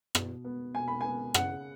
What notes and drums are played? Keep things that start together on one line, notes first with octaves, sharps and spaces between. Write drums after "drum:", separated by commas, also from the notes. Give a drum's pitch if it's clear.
B2, drum: rim click
B3
B2 G#5
B5
B3 G#5
C#3 F#5, drum: rim click